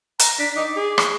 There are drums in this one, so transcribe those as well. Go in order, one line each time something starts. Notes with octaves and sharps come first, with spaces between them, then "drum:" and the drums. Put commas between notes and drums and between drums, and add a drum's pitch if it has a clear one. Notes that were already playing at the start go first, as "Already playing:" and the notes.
A#5, drum: hi-hat
D4 B6
D#4 D6
G#4
drum: rim click